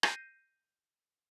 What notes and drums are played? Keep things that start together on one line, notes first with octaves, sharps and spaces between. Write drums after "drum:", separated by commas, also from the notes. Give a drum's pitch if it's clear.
G6 A#6 C7 D#7, drum: rim click